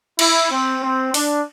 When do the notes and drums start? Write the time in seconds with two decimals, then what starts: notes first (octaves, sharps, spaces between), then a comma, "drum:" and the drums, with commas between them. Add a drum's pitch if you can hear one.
0.19 E4, drum: cymbal
0.51 C4
0.83 C4
1.14 D4, drum: open hi-hat